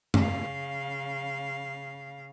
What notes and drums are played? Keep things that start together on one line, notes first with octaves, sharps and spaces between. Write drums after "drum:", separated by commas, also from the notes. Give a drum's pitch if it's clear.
C#3 F5, drum: tom F#2